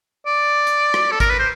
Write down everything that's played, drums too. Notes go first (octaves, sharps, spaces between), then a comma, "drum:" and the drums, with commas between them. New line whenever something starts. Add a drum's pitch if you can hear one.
D5
drum: hi-hat
drum: rim click
A4
A#4, drum: kick G#1, hi-hat
B4
C5